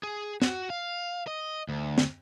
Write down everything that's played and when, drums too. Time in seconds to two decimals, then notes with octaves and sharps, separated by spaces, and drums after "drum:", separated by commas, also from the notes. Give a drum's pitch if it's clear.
0.03 G#4
0.42 F#4, drum: snare
0.70 F5
1.27 D#5
1.69 D2
1.98 drum: snare